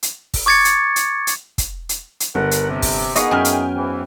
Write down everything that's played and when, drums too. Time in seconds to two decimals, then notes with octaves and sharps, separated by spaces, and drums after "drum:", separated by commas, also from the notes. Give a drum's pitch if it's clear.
0.03 drum: hi-hat
0.34 drum: kick, open hi-hat
0.46 C#6 D6 G#6 A6 C#7
0.65 drum: hi-hat
0.96 drum: hi-hat
1.27 drum: hi-hat
1.58 drum: kick, hi-hat
1.89 drum: hi-hat
2.20 drum: hi-hat
2.35 G1 A#4 F#5
2.51 drum: hi-hat
2.70 C3
2.82 drum: kick, open hi-hat
3.16 A#3 B3 D#4 G#4 D#5 F5 C#6, drum: hi-hat
3.31 F#2 E5 G5 G#5 F6
3.45 drum: hi-hat
3.76 G#2 E3